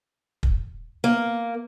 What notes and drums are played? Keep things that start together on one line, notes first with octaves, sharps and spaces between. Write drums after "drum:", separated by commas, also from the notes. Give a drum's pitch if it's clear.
drum: kick
A#3